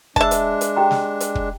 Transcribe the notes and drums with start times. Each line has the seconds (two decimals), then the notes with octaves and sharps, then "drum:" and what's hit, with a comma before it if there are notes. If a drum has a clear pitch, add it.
0.16 G#3 D4 E5 A5, drum: kick
0.31 drum: hi-hat
0.61 drum: hi-hat
0.76 G4 G5 A#5
0.91 drum: snare
1.20 drum: hi-hat
1.35 drum: kick